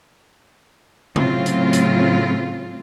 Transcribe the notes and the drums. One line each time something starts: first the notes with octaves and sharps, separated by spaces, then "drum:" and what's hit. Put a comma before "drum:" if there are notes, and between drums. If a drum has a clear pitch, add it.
A2 C#3 F#3 C4 F4, drum: tom C3
drum: hi-hat
drum: hi-hat